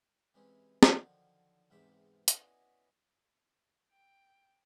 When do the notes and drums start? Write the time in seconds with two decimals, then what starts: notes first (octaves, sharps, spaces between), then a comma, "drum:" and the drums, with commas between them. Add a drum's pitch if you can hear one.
0.34 C3 E3 G#3 C#4
0.83 drum: snare
0.96 D3 D#3 F3 F#3
1.70 E2 G#2 C3 E5 D6
2.28 B3 C#4 E4 F#4 D5 D#5, drum: hi-hat
3.91 G5